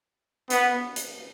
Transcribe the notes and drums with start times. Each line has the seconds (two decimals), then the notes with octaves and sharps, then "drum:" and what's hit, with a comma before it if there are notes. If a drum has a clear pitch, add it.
0.50 B3, drum: hi-hat
0.96 drum: hi-hat